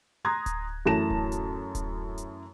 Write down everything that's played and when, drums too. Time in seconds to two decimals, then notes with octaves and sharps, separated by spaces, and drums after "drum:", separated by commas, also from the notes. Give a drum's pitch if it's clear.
0.25 A#5 C6 D#6 F#6 G#6 A#6
0.46 drum: kick D1, hi-hat
0.86 F#2 E3 A3 A5 A#6 E7
1.10 drum: kick D1
1.32 drum: hi-hat
1.75 drum: kick D1, hi-hat
2.18 drum: hi-hat